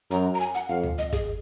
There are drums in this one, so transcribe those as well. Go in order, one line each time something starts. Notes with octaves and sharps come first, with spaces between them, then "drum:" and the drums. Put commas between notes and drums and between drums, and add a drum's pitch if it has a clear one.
F#2 A#5, drum: hi-hat
A#5
G#5, drum: hi-hat
F#5, drum: hi-hat
F2 F5
drum: tom D2
D#5, drum: hi-hat
G#4, drum: kick, hi-hat